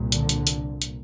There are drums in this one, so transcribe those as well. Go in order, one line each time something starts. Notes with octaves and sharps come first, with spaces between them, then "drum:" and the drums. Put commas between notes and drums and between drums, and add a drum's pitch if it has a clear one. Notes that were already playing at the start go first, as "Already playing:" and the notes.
Already playing: C2 A#2
D3, drum: hi-hat
drum: hi-hat
drum: hi-hat
drum: hi-hat